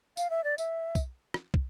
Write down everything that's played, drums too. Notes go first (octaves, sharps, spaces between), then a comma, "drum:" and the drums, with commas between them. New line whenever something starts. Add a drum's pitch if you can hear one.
F5, drum: tambourine
E5
D5
E5, drum: tambourine
drum: kick, tambourine
drum: rim click
drum: kick